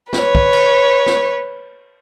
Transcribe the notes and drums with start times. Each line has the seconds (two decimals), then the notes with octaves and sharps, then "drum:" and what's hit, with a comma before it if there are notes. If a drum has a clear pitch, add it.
0.13 B4 C#5, drum: snare
0.35 drum: kick
0.53 drum: cymbal
1.06 drum: snare